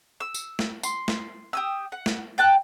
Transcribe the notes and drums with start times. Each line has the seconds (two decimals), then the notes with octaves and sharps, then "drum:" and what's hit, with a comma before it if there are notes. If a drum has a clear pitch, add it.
0.20 E6
0.34 drum: tambourine
0.59 drum: snare
0.83 C6, drum: tambourine
1.08 drum: snare
1.53 G4 D#6 E6
1.92 F#5
2.06 drum: snare
2.38 G5 A5 F#6